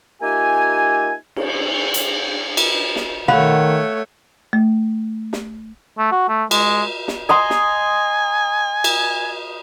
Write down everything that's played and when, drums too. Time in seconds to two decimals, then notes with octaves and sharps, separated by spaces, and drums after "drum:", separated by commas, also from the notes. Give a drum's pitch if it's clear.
0.22 A#3 D#4 F4 G4 E5 G#5
1.36 drum: cymbal
1.94 drum: hi-hat
2.57 drum: cymbal
2.96 drum: snare
3.28 D#3 A3 C#5 F5 F#5 B5, drum: tom B2
4.53 A3
5.33 drum: snare
5.98 A3
6.12 F#4
6.29 A3
6.51 G#3, drum: cymbal
7.08 drum: snare
7.29 D#5 G#5 A#5 C6
7.50 drum: snare
8.84 drum: cymbal